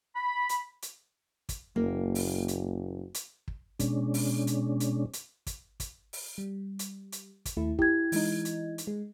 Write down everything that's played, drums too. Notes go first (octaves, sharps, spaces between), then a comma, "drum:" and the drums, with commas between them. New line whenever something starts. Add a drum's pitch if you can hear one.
B5
drum: hi-hat
drum: hi-hat
drum: kick, hi-hat
F#1 A#3
drum: open hi-hat
drum: hi-hat
drum: hi-hat
drum: kick
B2 G#3 C#4 D4, drum: kick, hi-hat
drum: open hi-hat
drum: hi-hat
drum: hi-hat
drum: hi-hat
drum: kick, hi-hat
drum: kick, hi-hat
drum: open hi-hat
G3
drum: hi-hat
drum: hi-hat
drum: kick, hi-hat
D#2 A3 E4
E4 G4 G#6, drum: kick
E3 G#3 D#4, drum: open hi-hat
drum: hi-hat
drum: hi-hat
G#3